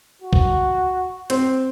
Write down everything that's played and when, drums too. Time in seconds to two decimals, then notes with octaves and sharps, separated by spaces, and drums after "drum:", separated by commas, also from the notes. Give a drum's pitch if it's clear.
0.22 F#4
0.33 drum: kick
1.30 C4, drum: hi-hat